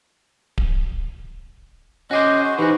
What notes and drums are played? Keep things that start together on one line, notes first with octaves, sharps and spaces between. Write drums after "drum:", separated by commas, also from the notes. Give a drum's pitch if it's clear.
drum: kick D1
C#4 F#4 G#4 C5 D#5 D6
C#6
E3 D#4 F#4 G4 B4 C5